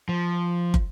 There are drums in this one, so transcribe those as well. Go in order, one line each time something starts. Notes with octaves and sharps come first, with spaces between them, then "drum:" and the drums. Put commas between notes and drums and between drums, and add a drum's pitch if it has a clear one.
F3
drum: kick